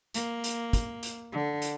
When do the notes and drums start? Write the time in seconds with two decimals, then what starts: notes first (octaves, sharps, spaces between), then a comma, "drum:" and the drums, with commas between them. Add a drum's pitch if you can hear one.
0.14 A#3, drum: hi-hat
0.44 drum: hi-hat
0.73 drum: kick, hi-hat
1.03 drum: hi-hat
1.33 D3
1.62 drum: hi-hat